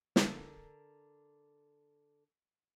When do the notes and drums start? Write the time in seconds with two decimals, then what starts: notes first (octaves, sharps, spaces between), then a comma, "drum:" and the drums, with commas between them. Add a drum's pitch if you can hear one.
0.16 D3 A#4, drum: snare